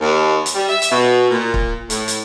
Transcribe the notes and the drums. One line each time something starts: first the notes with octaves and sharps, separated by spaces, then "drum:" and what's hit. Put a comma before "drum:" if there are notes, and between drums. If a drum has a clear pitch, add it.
D#2
drum: hi-hat
G3
E5
drum: hi-hat
B2
A#2
drum: kick
A2, drum: hi-hat
drum: hi-hat